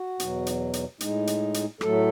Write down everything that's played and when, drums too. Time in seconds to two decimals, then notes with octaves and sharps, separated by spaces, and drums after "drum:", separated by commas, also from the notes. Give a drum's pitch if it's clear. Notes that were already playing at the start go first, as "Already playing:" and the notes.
Already playing: F#4
0.20 E2 B2 F#3, drum: hi-hat
0.46 drum: hi-hat
0.73 drum: hi-hat
1.00 A2 G#3 D#4, drum: hi-hat
1.27 drum: hi-hat
1.54 drum: hi-hat
1.81 A2 F#3 A3 A4, drum: rim click